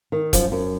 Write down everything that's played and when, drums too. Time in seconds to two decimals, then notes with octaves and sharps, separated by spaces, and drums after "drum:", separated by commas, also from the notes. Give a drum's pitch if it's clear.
0.12 D#3
0.33 F#2 F3, drum: kick F1, hi-hat
0.52 F#2